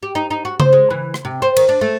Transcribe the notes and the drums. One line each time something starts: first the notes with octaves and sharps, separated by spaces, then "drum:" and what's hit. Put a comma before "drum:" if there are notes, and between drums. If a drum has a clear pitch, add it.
G4
D#4
D#4
F#4
C5, drum: tom C#3
G#3
E3
drum: rim click
C3
C5
D#3, drum: cymbal
D4
A3